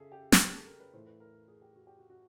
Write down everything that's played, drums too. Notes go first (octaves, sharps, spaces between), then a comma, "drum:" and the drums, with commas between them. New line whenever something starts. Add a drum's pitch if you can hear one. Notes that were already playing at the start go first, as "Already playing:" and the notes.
Already playing: C#3 G#4 A4 E5
G4
G4, drum: snare
G#4
A4
A#4
B4
A2 E3 A3 C5
B4
A#4
G#4
G4
F#4
G4
F#4
F#4